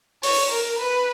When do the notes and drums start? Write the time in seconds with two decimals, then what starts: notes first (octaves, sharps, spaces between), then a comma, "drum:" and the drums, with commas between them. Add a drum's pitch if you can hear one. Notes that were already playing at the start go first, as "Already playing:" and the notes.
0.23 C#5, drum: open hi-hat
0.51 A#4
0.78 B4